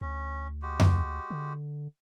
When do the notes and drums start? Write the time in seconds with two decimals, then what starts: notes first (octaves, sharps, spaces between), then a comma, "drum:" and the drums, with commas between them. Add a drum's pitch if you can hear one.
0.01 D2 C#4
0.62 G#3 F#4 G4
0.80 drum: tom F2
1.30 D3